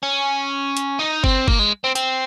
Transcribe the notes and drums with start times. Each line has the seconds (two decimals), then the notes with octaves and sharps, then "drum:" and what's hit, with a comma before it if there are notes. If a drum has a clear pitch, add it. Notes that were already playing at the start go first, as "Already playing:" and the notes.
0.03 C#4
0.77 drum: hi-hat
0.99 D#4
1.24 C4, drum: kick G1
1.48 A#3, drum: kick G1
1.59 G#3
1.84 C4
1.95 C4, drum: hi-hat